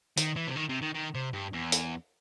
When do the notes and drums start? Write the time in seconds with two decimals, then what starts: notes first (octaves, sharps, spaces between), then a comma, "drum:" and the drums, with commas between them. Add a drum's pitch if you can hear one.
0.18 D#3, drum: hi-hat
0.36 E3
0.47 C3
0.56 D#3
0.69 C3
0.82 D#3
0.95 D#3
1.15 C3
1.33 G2
1.54 E2
1.72 drum: hi-hat